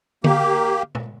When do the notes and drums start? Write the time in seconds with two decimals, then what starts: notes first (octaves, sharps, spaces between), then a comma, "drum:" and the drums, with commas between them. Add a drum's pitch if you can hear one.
0.24 A#3 G4, drum: tom D3
0.95 drum: tom A#2